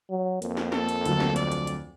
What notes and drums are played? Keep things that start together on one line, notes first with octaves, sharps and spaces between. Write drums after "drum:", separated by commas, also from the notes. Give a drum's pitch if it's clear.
F#3
F2 A#3, drum: hi-hat
drum: snare
A4, drum: snare
drum: hi-hat
D2 F#3, drum: hi-hat
drum: snare
D5, drum: hi-hat
drum: hi-hat
drum: hi-hat